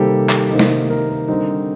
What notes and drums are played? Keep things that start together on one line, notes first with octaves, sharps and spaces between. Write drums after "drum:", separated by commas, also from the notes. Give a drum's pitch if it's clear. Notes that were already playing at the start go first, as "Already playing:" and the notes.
Already playing: C3 D#3 G3 A#3 G4 A4
drum: clap
C3 D#3 A#3 D#4
drum: snare
A#4
A#4
D3 G3 C4 D#4